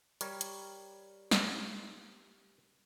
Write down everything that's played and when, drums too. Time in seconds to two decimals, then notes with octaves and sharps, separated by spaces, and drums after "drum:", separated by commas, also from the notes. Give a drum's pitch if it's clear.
0.21 G3 A#4 C#5, drum: hi-hat
0.41 drum: hi-hat
1.31 drum: snare